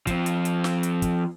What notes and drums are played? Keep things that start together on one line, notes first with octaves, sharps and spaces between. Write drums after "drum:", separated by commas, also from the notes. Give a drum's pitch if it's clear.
F3 C4, drum: kick, hi-hat
drum: hi-hat
drum: hi-hat
drum: snare
drum: hi-hat
drum: kick, hi-hat